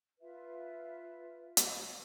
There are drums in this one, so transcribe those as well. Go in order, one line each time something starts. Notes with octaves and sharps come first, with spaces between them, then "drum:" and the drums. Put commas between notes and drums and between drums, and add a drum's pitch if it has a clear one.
F4 B4 E5
drum: hi-hat